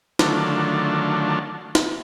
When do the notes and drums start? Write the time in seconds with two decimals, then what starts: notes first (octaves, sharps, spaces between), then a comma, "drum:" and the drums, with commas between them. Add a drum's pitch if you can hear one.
0.19 D3 D#3 F#3 A3 D4 F4, drum: snare
1.75 drum: snare